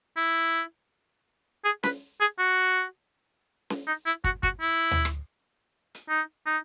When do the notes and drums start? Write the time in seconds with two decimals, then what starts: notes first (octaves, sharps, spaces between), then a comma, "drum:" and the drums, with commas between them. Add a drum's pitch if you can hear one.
0.17 E4
1.65 G#4
1.83 B4, drum: snare C#4
2.20 G#4
2.39 F#4
3.70 drum: snare C#4
3.87 D#4
4.06 E4
4.24 F#4, drum: kick
4.43 F#4, drum: kick
4.61 E4
4.91 drum: tom
5.05 drum: rim click
5.95 drum: hi-hat
6.10 D#4
6.46 D#4